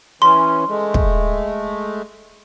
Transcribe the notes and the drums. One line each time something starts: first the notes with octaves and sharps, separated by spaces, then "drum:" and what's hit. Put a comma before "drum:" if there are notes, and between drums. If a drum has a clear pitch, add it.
E3 C#4 C6
G#3 A3
drum: kick